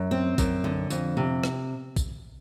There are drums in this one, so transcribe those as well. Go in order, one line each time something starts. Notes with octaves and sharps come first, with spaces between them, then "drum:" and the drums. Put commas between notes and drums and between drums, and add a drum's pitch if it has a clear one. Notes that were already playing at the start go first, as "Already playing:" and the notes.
Already playing: F#2
C4
F#2, drum: kick, tambourine
D3
F2, drum: tambourine
C3
drum: rim click
drum: kick, tambourine